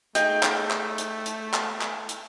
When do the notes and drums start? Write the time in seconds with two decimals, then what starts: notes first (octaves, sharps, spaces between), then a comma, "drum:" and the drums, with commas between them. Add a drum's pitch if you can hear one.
0.15 A3 D#4 G#4 G5, drum: hi-hat
0.43 drum: clap
0.71 drum: clap
0.98 drum: hi-hat
1.26 drum: hi-hat
1.54 drum: clap
1.81 drum: clap
2.09 drum: hi-hat